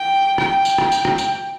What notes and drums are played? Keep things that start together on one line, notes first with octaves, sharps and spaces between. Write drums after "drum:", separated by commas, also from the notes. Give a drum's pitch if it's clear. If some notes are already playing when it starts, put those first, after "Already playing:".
Already playing: G5
G5, drum: rim click
drum: tambourine
drum: rim click
drum: tambourine
drum: rim click
drum: tambourine